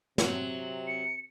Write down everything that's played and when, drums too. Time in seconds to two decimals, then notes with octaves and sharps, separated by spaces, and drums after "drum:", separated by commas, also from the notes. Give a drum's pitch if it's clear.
0.18 C3 F#3 C4, drum: snare
0.87 C#7